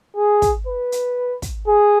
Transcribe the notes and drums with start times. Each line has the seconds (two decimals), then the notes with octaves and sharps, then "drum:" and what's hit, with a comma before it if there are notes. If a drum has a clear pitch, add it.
0.17 G#4
0.42 drum: kick, hi-hat
0.67 B4
0.92 drum: hi-hat
1.42 drum: kick, hi-hat
1.67 G#4